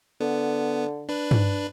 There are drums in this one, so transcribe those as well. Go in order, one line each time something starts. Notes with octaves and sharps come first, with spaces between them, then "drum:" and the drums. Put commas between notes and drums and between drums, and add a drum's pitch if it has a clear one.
D3 B3
D4 B4
drum: tom G2